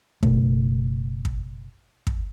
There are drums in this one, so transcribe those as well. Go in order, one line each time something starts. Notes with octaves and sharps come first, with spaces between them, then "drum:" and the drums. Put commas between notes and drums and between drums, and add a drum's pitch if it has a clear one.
F#1 B2 A3, drum: kick
drum: kick
drum: kick